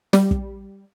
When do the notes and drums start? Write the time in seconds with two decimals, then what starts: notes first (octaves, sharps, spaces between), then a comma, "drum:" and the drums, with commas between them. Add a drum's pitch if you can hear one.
0.13 G3, drum: snare
0.31 drum: kick